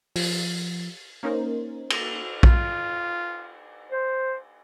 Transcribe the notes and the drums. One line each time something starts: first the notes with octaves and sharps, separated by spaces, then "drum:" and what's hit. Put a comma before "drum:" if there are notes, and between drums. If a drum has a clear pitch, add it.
F3, drum: open hi-hat
A#3 C#4 D#4 A#4 C5
drum: cymbal
F4, drum: kick A#1
C5